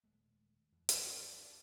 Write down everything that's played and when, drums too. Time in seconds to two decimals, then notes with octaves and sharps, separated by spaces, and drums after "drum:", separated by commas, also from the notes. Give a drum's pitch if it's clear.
0.04 D#1 G#3 A3
0.72 E2 E3 F3
0.89 F2 G#3 D4, drum: hi-hat